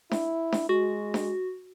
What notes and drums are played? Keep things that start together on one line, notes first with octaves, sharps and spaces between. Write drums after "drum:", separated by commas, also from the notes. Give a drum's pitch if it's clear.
E4, drum: snare D4
drum: snare D4
G#3 F#4
drum: snare D4